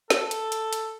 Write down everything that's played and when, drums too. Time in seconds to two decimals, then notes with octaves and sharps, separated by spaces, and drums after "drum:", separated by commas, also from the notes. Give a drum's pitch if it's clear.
0.10 A4, drum: snare
0.31 drum: hi-hat
0.52 drum: hi-hat
0.73 drum: hi-hat